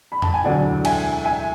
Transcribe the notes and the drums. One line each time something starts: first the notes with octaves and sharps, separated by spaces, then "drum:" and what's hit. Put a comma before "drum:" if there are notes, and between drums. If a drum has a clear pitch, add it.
B5
A5, drum: tom F2
G#5
E1 D2 D3 F#3 D5 F#5
E5 G#5, drum: cymbal
E5 G#5